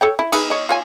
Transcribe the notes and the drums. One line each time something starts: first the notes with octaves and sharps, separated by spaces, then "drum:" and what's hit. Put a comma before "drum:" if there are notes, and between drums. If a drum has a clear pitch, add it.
A4 C#5 G5
E4
D#4 G#4 B4, drum: cymbal
C#5 D#5
F4 C#5 G#5